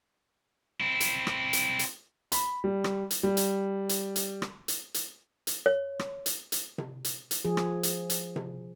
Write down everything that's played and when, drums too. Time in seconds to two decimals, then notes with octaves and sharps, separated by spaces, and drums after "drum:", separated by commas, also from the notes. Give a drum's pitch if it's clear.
0.81 C4 E4
1.00 drum: hi-hat
1.27 drum: rim click
1.53 drum: hi-hat
1.79 drum: hi-hat
2.32 B5, drum: hi-hat
2.64 G3
2.84 drum: rim click
3.11 drum: hi-hat
3.23 G3
3.37 drum: hi-hat
3.89 drum: hi-hat
4.16 drum: hi-hat
4.42 drum: rim click
4.68 drum: hi-hat
4.94 drum: hi-hat
5.47 drum: hi-hat
5.66 C#5
5.99 drum: rim click
6.26 drum: hi-hat
6.52 drum: hi-hat
6.78 drum: tom C3
7.05 drum: hi-hat
7.31 drum: hi-hat
7.45 F3 G#4
7.57 drum: rim click
7.83 drum: hi-hat
8.10 drum: hi-hat
8.36 drum: tom C3